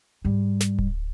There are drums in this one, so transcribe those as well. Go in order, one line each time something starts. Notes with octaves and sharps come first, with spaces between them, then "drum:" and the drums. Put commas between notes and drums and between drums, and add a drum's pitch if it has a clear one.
G#2 G3
drum: snare
drum: kick D1